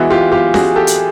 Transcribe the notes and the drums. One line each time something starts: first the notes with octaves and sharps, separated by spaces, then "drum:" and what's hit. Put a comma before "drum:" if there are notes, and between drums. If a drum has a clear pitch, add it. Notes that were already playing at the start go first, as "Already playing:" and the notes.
Already playing: E3 G#3 B3 E4 F#4
F4 G4
F4 G4
F#4 G#4, drum: snare C#4
G4 A4
drum: hi-hat